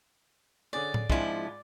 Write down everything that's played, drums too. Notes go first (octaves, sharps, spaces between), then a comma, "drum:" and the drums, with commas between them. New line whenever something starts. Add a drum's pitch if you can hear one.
D3 C#4 G#4 D5
drum: tom A2
G#2 F3 G#3 C4 D4 E4 F4 C6, drum: kick